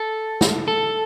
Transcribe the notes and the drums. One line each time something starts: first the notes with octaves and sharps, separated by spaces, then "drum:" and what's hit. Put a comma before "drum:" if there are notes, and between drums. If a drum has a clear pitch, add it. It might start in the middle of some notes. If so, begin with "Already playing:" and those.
Already playing: A4
drum: snare
A4